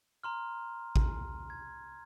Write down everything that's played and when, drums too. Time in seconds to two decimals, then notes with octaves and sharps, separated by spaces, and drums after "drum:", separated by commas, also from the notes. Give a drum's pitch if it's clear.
0.24 A#5 C6 F6
0.96 drum: kick A1
1.50 G#6